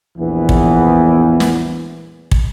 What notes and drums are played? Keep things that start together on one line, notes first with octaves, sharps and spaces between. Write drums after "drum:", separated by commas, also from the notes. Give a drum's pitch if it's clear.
A#1 E2 E3 B3
drum: kick
drum: snare
drum: kick